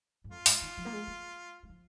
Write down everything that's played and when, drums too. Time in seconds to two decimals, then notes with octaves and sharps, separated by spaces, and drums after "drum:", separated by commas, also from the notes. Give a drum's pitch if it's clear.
0.24 G#2
0.31 F2 F4
0.46 G#2, drum: open hi-hat
0.62 D#3
0.77 F3
0.85 A#3
0.93 G#3
1.07 A#3
1.63 G#3
1.69 F3